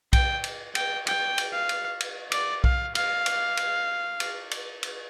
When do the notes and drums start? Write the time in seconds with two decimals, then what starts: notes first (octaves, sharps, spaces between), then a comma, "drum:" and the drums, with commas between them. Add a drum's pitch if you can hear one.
0.13 G5, drum: kick B1, cymbal
0.44 drum: cymbal
0.75 G5, drum: cymbal
1.07 G5, drum: cymbal
1.38 drum: cymbal
1.53 F5
1.69 drum: cymbal
2.01 drum: cymbal
2.32 D5, drum: cymbal
2.64 F5, drum: kick B1
2.95 F5, drum: cymbal
3.26 drum: cymbal
3.57 drum: cymbal
4.20 drum: cymbal
4.51 drum: cymbal
4.83 drum: cymbal